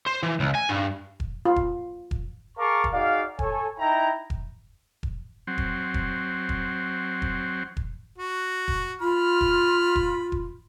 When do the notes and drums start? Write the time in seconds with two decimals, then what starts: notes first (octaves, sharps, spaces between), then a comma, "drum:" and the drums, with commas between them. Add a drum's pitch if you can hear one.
0.07 C5
0.23 E3
0.40 C#2
0.55 G#5
0.69 G2
1.20 drum: kick E1
1.45 F4
1.56 drum: kick E1
2.11 drum: kick E1
2.58 G#4 A#4 F5 A5 C#6 D6
2.84 drum: kick E1
2.93 D#4 F#4 G#4 D5 F5
3.39 A4 C#5 G#5, drum: kick E1
3.78 D#4 E4 G5 A#5
4.30 drum: kick E1
5.03 drum: kick E1
5.47 F#3 C4
5.58 drum: kick E1
5.94 drum: kick E1
6.49 drum: kick E1
7.22 drum: kick E1
7.77 drum: kick E1
8.18 F#4
8.68 drum: kick E1
9.01 F4 B5 F6
9.41 drum: kick E1
9.96 drum: kick E1
10.32 drum: kick E1